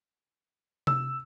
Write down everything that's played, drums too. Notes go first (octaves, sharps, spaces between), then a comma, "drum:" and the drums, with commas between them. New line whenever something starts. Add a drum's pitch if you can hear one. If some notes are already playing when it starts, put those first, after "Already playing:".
E6, drum: tom C3